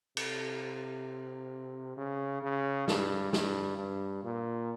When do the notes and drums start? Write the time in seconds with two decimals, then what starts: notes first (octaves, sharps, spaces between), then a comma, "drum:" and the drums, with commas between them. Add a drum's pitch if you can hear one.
0.17 C3, drum: cymbal
1.97 C#3
2.43 C#3
2.88 G2, drum: snare
3.33 G2, drum: snare
3.77 G2
4.23 A#2